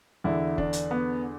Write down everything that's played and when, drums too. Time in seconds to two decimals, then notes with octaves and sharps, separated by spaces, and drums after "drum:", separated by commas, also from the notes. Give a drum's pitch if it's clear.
0.24 E2 D3 E4
0.58 D4, drum: kick F1
0.73 drum: hi-hat
0.91 B3